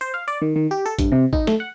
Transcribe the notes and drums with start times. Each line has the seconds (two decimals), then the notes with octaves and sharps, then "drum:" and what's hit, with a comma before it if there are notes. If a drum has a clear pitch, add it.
0.01 C5
0.14 F5
0.28 D5
0.42 D#3
0.56 D#3
0.71 G4
0.86 A4
0.99 G2, drum: kick A1, hi-hat
1.12 C3
1.33 D#4, drum: kick A1
1.47 A3, drum: snare
1.60 F#5